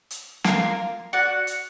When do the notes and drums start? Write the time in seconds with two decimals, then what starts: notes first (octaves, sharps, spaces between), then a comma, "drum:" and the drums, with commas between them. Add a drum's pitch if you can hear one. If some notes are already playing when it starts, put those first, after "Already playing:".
0.11 drum: hi-hat
0.44 A#3 F4 A#4 F5, drum: snare
1.13 F#4 D5 F#5
1.47 drum: hi-hat